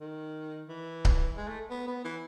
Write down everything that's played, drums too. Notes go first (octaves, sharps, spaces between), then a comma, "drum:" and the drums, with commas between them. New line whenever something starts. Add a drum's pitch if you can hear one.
D#3
E3
drum: kick C#1
G#3
A3
B3
B3
E3